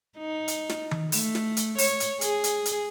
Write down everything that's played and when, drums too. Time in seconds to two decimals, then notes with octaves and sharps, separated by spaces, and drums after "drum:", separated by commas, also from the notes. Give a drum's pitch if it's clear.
0.18 D#4
0.48 drum: hi-hat
0.69 drum: snare
0.91 drum: tom D#3
1.12 A3, drum: open hi-hat
1.35 drum: snare
1.57 drum: hi-hat
1.78 C#5, drum: open hi-hat
2.00 drum: hi-hat
2.21 G#4, drum: hi-hat
2.44 drum: hi-hat
2.65 drum: hi-hat